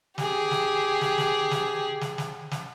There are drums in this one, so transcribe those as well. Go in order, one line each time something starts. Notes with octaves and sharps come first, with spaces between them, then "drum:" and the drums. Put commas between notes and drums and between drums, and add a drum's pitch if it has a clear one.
G4 G#4, drum: snare
drum: snare
drum: snare
drum: snare
drum: snare
drum: snare
drum: snare
drum: snare